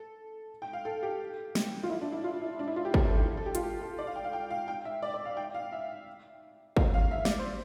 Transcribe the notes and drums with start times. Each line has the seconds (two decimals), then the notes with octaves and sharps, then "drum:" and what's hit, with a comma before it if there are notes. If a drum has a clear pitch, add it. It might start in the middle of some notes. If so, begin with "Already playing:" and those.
Already playing: A4
0.62 G5
0.73 F5
0.85 A4
1.03 G4
1.55 drum: snare
1.83 F4
1.90 E4
2.01 D4
2.12 E4
2.24 F4
2.42 E4
2.59 D4
2.68 E4
2.76 F4
2.85 G4
2.94 A4, drum: kick
3.05 A4
3.17 G4
3.37 A4
3.46 G4
3.55 F4, drum: hi-hat
3.63 G4
3.81 A4
3.99 D5
4.07 F5
4.16 G5
4.24 F5
4.33 G5
4.50 F5
4.68 G5
4.85 E5
5.03 D5
5.14 D5
5.25 F5
5.37 G5
5.54 F5
5.72 E5
6.77 F5, drum: kick
6.94 F5
7.11 E5
7.25 D5, drum: snare
7.39 C5